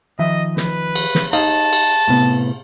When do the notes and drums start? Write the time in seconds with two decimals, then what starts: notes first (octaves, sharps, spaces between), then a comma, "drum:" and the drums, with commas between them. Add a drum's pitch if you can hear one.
0.19 D#3 F3 D#5 E5
0.57 B4, drum: snare
0.95 drum: cymbal
1.15 drum: snare
1.33 D#4 D#5 F5 A5, drum: cymbal
1.73 drum: cymbal
2.08 A2 C3 B3